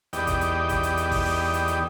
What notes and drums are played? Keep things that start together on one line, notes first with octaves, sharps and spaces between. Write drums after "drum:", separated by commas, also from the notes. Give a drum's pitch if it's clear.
E2 B3 D#4 G4 D5 G5, drum: hi-hat
drum: kick, hi-hat
drum: hi-hat
drum: kick, hi-hat
drum: hi-hat
drum: hi-hat
drum: kick, open hi-hat
drum: open hi-hat
drum: hi-hat
drum: hi-hat